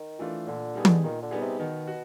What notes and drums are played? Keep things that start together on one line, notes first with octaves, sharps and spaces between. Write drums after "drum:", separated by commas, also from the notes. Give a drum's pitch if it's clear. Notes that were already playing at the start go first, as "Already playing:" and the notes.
Already playing: D#3
E3 A3 D4 F4
A#2 D3
G3 B3 D#4 G#4
drum: tom E3
A#2 D#3
D3
G3 B3 D#4 G#4
C3
B2 D#3
F#4